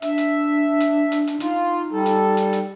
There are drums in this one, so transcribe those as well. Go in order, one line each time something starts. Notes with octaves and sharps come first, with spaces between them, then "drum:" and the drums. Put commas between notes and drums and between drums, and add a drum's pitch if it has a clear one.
D4 E5, drum: hi-hat
drum: hi-hat
drum: hi-hat
drum: hi-hat
drum: hi-hat
D#4 F4, drum: hi-hat
G3 A4
drum: hi-hat
drum: hi-hat
drum: hi-hat